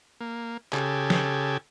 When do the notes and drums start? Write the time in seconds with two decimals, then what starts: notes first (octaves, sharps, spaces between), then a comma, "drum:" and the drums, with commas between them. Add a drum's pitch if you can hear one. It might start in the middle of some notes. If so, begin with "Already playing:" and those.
0.21 A#3
0.73 C#3 G4 A4 G#5, drum: clap
1.10 drum: snare